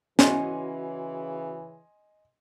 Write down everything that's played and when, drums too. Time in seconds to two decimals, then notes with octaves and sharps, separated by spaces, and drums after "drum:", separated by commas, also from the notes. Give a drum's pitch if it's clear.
0.19 C#3 E3 C#4 F#4 D#5 G#5 C6, drum: snare